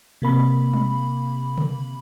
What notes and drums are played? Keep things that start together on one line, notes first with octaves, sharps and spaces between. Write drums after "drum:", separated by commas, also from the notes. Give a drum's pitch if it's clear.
C3 A#3 B5
drum: tom G3
drum: tom C#3